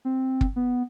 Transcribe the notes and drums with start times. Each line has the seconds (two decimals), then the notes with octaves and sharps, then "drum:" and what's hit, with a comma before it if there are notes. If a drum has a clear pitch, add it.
0.05 C4
0.41 drum: kick
0.56 B3